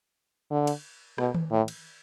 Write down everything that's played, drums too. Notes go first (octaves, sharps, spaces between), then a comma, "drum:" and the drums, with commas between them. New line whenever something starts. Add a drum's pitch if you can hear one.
D3
drum: cymbal
B2, drum: rim click
drum: tom D#3
A2
drum: cymbal